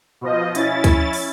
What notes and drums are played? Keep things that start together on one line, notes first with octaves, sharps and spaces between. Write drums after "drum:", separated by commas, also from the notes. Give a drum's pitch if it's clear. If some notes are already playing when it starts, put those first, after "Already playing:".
B2 F3 D#5
C#4 E4 A6, drum: hi-hat
drum: kick C#2, hi-hat
drum: open hi-hat